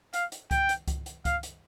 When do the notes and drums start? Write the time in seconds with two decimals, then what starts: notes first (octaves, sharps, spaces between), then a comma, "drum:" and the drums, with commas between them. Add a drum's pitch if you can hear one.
0.13 F5, drum: hi-hat
0.32 drum: hi-hat
0.51 G5, drum: kick C#2, hi-hat
0.69 drum: hi-hat
0.88 drum: kick C#2, hi-hat
1.06 drum: hi-hat
1.25 F5, drum: kick C#2, hi-hat
1.43 drum: hi-hat